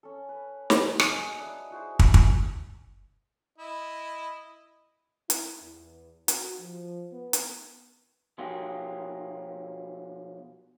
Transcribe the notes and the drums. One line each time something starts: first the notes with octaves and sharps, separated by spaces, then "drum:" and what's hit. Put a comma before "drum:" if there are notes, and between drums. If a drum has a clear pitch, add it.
C#4 A4
B4
D#4 F#5, drum: snare
F#4 G#4 A#4 D#5, drum: rim click
D4 D#4 B4 E5
E4 F#4 G#4 C5
drum: kick
drum: kick
E4 D#5
E4, drum: hi-hat
E2
F#4, drum: hi-hat
F3
B3
drum: hi-hat
B2 F3 F#3 A#3 G4 G#4